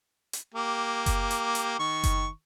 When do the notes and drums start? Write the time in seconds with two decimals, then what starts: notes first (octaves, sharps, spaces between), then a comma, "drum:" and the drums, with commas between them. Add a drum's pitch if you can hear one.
0.33 drum: hi-hat
0.54 A#3 G4
1.06 drum: kick F#1, hi-hat
1.31 drum: hi-hat
1.55 drum: hi-hat
1.79 D#3 C#6
2.04 drum: kick F#1, hi-hat